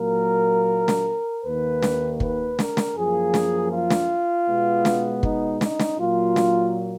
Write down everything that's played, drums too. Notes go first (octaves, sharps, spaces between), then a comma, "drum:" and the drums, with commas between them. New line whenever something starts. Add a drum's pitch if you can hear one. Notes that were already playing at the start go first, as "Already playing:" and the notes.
Already playing: A#2 F#3 A#3 A#4
drum: snare
D#2 D#3 A#3 B4
drum: snare
B4, drum: kick
A#4, drum: snare
drum: snare
F#2 F3 A#3 G#4
drum: snare
F4
drum: snare
B2 G#3 B3
drum: snare
D#4, drum: kick
D#4, drum: snare
drum: snare
A#2 F#3 A#3 F4
drum: snare